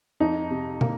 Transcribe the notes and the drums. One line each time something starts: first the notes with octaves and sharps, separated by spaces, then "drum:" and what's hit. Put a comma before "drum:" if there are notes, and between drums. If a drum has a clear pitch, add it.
F2 D#4
C3
A#3, drum: tom